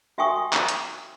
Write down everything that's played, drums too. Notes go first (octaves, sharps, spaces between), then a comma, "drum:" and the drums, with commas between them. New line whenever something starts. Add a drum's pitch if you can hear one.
F#4 E5 G5 G#5 C#6 D#6
drum: clap
drum: hi-hat